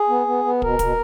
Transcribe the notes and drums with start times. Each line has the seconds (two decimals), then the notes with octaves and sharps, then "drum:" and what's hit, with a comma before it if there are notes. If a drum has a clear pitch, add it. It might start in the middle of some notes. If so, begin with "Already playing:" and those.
Already playing: G#4
0.09 B3
0.27 B3
0.44 B3
0.62 B2 A#4, drum: kick
0.79 B2, drum: kick, hi-hat